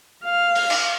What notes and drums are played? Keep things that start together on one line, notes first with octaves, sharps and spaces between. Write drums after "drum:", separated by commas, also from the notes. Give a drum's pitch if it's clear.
F5
drum: open hi-hat
drum: cymbal